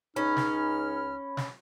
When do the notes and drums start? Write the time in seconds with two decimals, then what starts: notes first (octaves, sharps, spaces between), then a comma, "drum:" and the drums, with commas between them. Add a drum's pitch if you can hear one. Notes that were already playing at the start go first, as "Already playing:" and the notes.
0.16 C#2 C#4 D#4 B5 F6
0.36 drum: snare
1.37 drum: snare